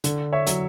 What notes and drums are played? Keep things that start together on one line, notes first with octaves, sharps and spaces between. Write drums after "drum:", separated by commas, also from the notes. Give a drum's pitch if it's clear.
D3, drum: hi-hat
C#5 E5
F#3, drum: hi-hat